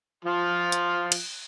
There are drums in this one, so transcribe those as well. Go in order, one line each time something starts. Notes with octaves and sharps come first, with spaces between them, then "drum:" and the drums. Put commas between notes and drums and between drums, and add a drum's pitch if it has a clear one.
F3 F4
drum: hi-hat
drum: cymbal